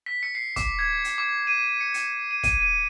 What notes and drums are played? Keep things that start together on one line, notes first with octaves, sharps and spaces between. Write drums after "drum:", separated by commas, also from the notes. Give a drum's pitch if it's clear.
B6
C#7
C7
D6, drum: kick, hi-hat
G#6
drum: hi-hat
D6
D#7
C#7
C#7, drum: hi-hat
D#7
D#7, drum: kick, hi-hat
D#7